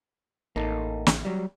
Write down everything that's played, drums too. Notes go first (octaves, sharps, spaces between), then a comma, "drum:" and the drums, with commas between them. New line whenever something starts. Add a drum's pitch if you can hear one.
A1 A#3 D#4 A4
drum: snare
F#3 G3